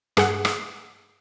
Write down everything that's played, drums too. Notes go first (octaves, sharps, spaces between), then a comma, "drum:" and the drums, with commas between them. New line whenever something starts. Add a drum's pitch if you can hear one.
G2 G#4 F#5, drum: rim click
drum: rim click